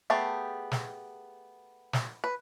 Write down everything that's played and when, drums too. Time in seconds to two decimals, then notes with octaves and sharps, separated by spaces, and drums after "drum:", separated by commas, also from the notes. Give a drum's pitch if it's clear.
0.10 A3 B3 G4 G#4 A5
0.71 drum: snare
1.93 drum: snare
2.24 B4